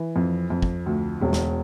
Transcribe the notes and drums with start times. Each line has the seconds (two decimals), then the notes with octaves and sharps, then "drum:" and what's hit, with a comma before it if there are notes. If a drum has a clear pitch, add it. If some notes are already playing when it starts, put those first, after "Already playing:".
Already playing: E3
0.16 F2
0.50 F2
0.62 drum: kick
0.86 D2
1.21 E1
1.33 drum: snare